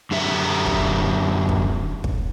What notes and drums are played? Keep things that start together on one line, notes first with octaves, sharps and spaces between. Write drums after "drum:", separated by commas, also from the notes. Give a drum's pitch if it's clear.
F#2 D3 G4 E5
drum: kick
drum: kick
drum: kick